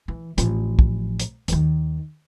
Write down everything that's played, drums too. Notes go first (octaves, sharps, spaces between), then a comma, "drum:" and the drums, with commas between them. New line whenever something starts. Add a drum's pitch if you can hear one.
E3
A1 F3, drum: hi-hat
drum: kick
drum: hi-hat
D#2 D#3, drum: hi-hat